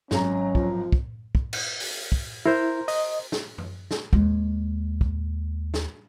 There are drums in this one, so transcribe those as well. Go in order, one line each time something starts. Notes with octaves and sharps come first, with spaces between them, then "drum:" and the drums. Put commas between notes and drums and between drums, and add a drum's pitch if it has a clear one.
G#1 F#3 C#4 A#5, drum: snare
F3, drum: kick
drum: kick
drum: kick
drum: cymbal
drum: open hi-hat
drum: kick
E4 A#4 C5
D#5, drum: open hi-hat
drum: snare
drum: tom F#2
drum: snare
D#2 G#3, drum: kick
drum: kick
drum: snare